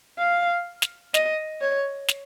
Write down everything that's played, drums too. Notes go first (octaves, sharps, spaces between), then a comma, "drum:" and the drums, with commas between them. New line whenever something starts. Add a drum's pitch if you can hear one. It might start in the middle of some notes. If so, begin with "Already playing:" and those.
F5
drum: snare
D#5, drum: snare
C#5
drum: snare